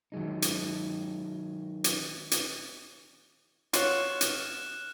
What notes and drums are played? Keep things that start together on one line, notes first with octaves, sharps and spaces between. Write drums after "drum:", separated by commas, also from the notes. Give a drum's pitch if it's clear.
D#3 F#3 G#3 D#4
drum: hi-hat
drum: hi-hat
drum: hi-hat
F4 F#4 C#5 F6 F#6 E7, drum: hi-hat
drum: hi-hat